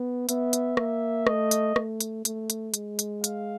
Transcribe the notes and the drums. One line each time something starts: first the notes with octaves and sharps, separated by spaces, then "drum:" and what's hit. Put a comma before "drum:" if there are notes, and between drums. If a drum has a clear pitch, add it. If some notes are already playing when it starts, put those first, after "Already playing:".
Already playing: B3
B3 E5, drum: hi-hat
drum: hi-hat
A#3 E5, drum: rim click
A3 D#5, drum: rim click
drum: hi-hat
A3, drum: rim click
drum: hi-hat
A3, drum: hi-hat
drum: hi-hat
G#3, drum: hi-hat
drum: hi-hat
F5, drum: hi-hat